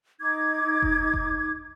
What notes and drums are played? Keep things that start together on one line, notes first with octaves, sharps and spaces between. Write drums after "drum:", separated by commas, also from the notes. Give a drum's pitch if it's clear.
D#4 D6 G#6
drum: kick F1
drum: kick F1